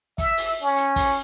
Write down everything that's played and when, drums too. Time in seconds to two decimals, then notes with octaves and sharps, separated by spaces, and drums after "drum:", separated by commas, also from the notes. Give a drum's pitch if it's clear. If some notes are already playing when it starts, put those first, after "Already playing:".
0.18 E5, drum: kick, hi-hat
0.38 drum: open hi-hat
0.62 C#4
0.77 drum: hi-hat
0.96 drum: kick, open hi-hat